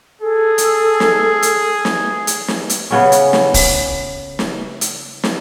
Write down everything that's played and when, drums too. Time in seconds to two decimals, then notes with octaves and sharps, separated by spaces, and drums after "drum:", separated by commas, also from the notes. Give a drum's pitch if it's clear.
0.21 G#4 A4
0.58 drum: hi-hat
1.00 drum: snare
1.43 drum: hi-hat
1.85 drum: snare
2.27 drum: hi-hat
2.48 drum: snare
2.70 drum: hi-hat
2.91 C#3 B3 C#4
3.12 drum: hi-hat
3.33 drum: snare
3.54 drum: kick, open hi-hat
4.39 drum: snare
4.81 drum: hi-hat
5.24 drum: snare